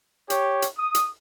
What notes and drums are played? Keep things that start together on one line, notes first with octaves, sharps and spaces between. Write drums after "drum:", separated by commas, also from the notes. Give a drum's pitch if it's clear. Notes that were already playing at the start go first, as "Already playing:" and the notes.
G4 C#5, drum: hi-hat
drum: hi-hat
D#6
drum: hi-hat